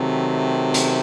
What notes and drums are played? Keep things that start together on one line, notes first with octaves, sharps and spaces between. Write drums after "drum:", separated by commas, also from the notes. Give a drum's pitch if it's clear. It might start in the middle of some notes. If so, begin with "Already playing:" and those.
Already playing: C3 D#3 F#3 A3
drum: hi-hat